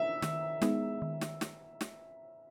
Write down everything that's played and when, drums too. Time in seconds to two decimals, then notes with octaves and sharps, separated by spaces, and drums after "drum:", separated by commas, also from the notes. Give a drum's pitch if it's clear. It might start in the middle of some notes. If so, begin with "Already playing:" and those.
Already playing: E5
0.22 D#3, drum: snare
0.62 G#3 B3 D#4 G#4, drum: snare
1.02 D#3
1.21 drum: snare
1.41 drum: snare
1.81 drum: snare